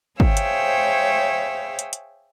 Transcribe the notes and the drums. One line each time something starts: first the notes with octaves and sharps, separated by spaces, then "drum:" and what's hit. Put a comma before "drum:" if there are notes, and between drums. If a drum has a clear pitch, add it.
G#4 C5 C#5 E5 F5 G5, drum: kick
drum: hi-hat
drum: hi-hat
drum: hi-hat